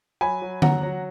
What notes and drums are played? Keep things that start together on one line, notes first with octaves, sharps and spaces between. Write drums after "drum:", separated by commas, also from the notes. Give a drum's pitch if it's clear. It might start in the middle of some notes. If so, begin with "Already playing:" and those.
F#3 G#5 B5
F#3
F#3 F#5 A#5, drum: tom D3
F#3